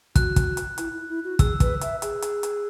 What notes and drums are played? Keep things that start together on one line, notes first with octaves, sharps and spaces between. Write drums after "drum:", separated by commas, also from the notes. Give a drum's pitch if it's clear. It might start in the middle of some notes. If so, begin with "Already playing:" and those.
F#4 F#6, drum: kick, hi-hat
drum: kick, hi-hat
drum: hi-hat
E4, drum: hi-hat
E4
E4
F#4
G#4 E6, drum: kick, hi-hat
B4, drum: kick, hi-hat
E5, drum: hi-hat
G#4, drum: hi-hat
drum: hi-hat
drum: hi-hat